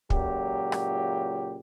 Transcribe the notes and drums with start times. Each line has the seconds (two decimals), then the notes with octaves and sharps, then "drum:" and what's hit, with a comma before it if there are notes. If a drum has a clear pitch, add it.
0.10 C#2 A#2 F#3 G4, drum: kick
0.72 drum: rim click